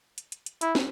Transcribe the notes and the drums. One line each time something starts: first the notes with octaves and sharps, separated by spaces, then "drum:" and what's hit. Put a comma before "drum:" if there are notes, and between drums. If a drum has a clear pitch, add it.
drum: hi-hat
drum: hi-hat
drum: hi-hat
E4, drum: hi-hat
drum: snare